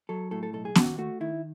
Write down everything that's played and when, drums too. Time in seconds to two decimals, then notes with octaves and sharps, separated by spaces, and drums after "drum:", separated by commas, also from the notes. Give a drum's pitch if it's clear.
0.09 F#3 A4
0.31 A2 A4
0.43 A4
0.53 B1 A4
0.65 G#4
0.75 D#2 F#4, drum: snare B3
0.98 A3 F#4
1.20 D#3 E4